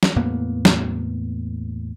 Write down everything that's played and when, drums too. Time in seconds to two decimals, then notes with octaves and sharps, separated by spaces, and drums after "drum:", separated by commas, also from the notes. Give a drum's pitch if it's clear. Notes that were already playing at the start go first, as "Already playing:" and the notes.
0.03 drum: snare
0.16 E2 A2 A#3 B3
0.65 drum: snare